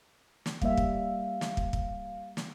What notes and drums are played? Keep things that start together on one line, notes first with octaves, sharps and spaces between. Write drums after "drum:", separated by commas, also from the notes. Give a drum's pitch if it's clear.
drum: snare
G3 A#3 E5 F5, drum: kick
drum: kick
drum: snare
drum: kick
drum: kick
drum: snare